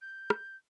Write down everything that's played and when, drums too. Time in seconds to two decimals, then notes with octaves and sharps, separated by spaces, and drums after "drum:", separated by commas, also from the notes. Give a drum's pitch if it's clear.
0.02 G6
0.30 drum: rim click